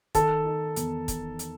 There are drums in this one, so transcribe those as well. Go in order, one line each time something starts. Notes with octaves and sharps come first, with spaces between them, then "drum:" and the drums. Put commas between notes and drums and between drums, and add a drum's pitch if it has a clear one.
D#3 A4 A5, drum: kick, hi-hat
D#4
E2, drum: hi-hat
drum: kick, hi-hat
drum: hi-hat